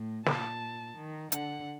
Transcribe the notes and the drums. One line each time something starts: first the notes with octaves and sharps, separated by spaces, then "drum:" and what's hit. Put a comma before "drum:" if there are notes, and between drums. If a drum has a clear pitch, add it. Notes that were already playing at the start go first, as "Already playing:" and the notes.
Already playing: A2
A#2 A5, drum: snare
D#3
D3 F#5, drum: hi-hat